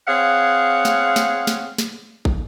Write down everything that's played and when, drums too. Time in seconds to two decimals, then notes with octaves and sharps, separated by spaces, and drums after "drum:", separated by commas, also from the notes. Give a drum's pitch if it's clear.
0.07 C4 G#4 C#5 F5 F#5
0.85 drum: snare
1.16 drum: snare
1.47 drum: snare
1.78 drum: snare
2.25 drum: kick